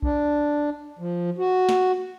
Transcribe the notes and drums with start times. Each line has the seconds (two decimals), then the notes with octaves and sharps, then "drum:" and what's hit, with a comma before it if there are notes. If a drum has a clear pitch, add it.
0.03 D4, drum: kick A#1
0.99 F3
1.38 F#4
1.69 drum: snare